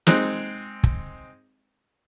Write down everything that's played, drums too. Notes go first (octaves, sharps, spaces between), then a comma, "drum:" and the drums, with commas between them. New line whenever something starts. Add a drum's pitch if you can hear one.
G#3 C4 D#4 F#6, drum: snare
drum: kick